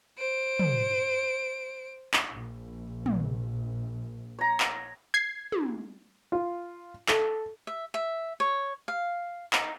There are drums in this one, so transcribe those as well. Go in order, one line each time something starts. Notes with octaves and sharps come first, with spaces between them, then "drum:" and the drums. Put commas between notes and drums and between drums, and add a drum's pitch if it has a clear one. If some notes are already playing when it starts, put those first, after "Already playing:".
C5 D7
drum: tom
drum: clap
A#1
drum: tom
C#5 A#5
drum: clap
G#6 C7
drum: tom
F4
A4, drum: clap
E5
E5
C#5
F5
D#4, drum: clap